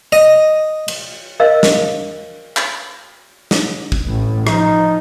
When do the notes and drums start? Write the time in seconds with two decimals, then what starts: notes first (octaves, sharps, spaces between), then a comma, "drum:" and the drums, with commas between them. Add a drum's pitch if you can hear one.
0.12 D#5
0.88 drum: cymbal
1.40 A#4 C5 D#5 F5 E6
1.63 drum: snare
2.57 drum: clap
3.51 drum: snare
3.92 drum: kick
4.05 A1 A2
4.47 F3 D#4, drum: rim click